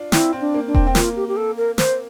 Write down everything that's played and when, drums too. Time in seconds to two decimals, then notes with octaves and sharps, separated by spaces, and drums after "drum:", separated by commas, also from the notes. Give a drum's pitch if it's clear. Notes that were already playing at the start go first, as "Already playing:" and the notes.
Already playing: D4 F4
0.12 C4 E4, drum: snare
0.33 C4
0.41 D4
0.54 A#3
0.67 D4
0.74 C4, drum: kick E1
0.87 C4
0.95 A#3 F4, drum: snare
1.16 G4
1.28 G4
1.37 A4
1.57 A#4
1.78 C5, drum: snare